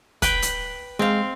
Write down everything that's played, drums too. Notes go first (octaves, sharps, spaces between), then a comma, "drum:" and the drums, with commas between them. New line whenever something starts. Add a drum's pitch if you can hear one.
B4 G5, drum: kick, hi-hat
drum: hi-hat
G#3 C4 F5